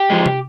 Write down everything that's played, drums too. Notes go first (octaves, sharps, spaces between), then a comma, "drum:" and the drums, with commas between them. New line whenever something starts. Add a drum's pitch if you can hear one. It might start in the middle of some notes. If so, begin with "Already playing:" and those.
Already playing: G4
F3 G#3
drum: tom C3